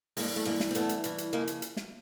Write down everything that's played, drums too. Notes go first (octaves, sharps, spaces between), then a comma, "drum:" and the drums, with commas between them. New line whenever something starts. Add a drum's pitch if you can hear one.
G2 E3 G#3 A#3, drum: open hi-hat
A3
G2 E3 G#3 A#3
drum: snare
C4
G2 E3 A3 B3, drum: hi-hat
drum: hi-hat
G2 E3, drum: hi-hat
drum: hi-hat
C#3 F3 G#3 A#3
drum: hi-hat
drum: hi-hat
drum: snare